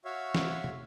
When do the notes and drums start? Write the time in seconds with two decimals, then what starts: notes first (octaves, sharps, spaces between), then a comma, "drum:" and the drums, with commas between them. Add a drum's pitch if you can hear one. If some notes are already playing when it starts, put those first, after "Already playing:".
0.05 F#4 C#5 E5 F5
0.35 drum: snare
0.64 drum: tom